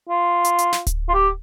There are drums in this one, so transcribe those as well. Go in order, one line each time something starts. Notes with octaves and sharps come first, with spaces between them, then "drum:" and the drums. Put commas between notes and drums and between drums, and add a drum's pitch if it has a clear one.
F4
drum: hi-hat
drum: hi-hat
drum: snare
drum: kick D1, hi-hat
F4
G4